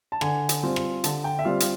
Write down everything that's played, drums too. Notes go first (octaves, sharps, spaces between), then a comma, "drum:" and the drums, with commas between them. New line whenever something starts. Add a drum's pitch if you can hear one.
A5
D3 G#5, drum: rim click
drum: hi-hat
G3 C4 F4
drum: rim click
D3 A5, drum: hi-hat
G5
E5
G3 C4 F4 F5
F5, drum: hi-hat